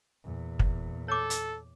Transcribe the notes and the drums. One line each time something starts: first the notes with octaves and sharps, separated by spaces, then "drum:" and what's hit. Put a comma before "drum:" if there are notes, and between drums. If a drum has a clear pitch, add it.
E2 A#2
drum: kick
A4 C#5 D6
drum: hi-hat